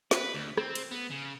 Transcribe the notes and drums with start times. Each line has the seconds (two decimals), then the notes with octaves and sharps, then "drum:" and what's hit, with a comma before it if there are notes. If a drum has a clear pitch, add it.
0.11 B4, drum: snare
0.34 D2
0.58 C4, drum: rim click
0.75 drum: cymbal
0.91 B3
1.10 C#3